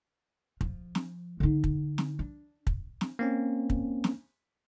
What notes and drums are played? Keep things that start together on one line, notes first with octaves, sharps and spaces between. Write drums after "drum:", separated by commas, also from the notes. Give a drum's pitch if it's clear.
F3, drum: kick
drum: snare
D3 D#4
drum: kick
drum: snare
D4
drum: kick
drum: snare
A#3 C4 C#4
drum: kick
drum: snare